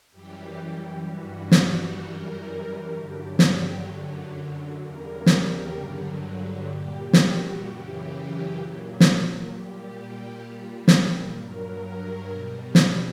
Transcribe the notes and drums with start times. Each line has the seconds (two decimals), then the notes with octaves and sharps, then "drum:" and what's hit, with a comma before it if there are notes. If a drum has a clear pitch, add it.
0.11 F#2 E3 G3 G4
0.58 G4
1.05 G2 E3 G3 F#4
1.51 G4, drum: snare
1.98 F#2 E3 G3 A#4
2.92 G2 D3 F#3 G4
3.39 drum: snare
3.86 F#2 D3 F#3
4.79 E2 C#3 G3 A#4
5.26 G4, drum: snare
5.73 G2 D3 F#3
6.67 A#2 G3 G4
7.13 F#4, drum: snare
7.60 F#2 C#3 E3 G4
8.07 G4
8.54 A#2 F#3
9.00 drum: snare
9.47 A#2 G3 G4
10.41 A#2 G3
10.88 drum: snare
11.34 G2 F#3 A#4
12.28 B2 G3
12.75 drum: snare